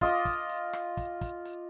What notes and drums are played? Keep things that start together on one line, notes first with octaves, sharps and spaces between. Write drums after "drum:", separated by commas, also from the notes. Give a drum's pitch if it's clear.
F4 D#5 D6, drum: kick, hi-hat
drum: kick, hi-hat
drum: hi-hat
drum: rim click
drum: kick, hi-hat
drum: kick, hi-hat
drum: hi-hat